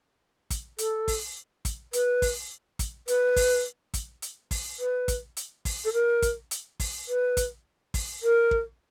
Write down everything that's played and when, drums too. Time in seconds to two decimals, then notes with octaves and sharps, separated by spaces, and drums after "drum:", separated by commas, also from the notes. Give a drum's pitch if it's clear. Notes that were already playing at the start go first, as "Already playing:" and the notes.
0.50 drum: kick, hi-hat
0.78 A4, drum: hi-hat
1.08 drum: kick, open hi-hat
1.65 drum: kick, hi-hat
1.93 B4, drum: hi-hat
2.22 drum: kick, open hi-hat
2.79 drum: kick, hi-hat
3.08 B4, drum: hi-hat
3.36 drum: kick, open hi-hat
3.94 drum: kick, hi-hat
4.22 drum: hi-hat
4.51 drum: kick, open hi-hat
4.79 B4
5.08 drum: kick, hi-hat
5.37 drum: hi-hat
5.65 drum: kick, open hi-hat
5.85 A4
5.93 A#4
6.22 drum: kick, hi-hat
6.51 drum: hi-hat
6.80 drum: kick, open hi-hat
7.08 B4
7.37 drum: kick, hi-hat
7.94 drum: kick, open hi-hat
8.23 A#4
8.51 drum: kick